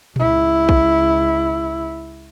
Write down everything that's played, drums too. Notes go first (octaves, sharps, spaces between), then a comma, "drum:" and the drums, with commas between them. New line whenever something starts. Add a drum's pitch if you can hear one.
C#2 E4, drum: tom A#2
drum: kick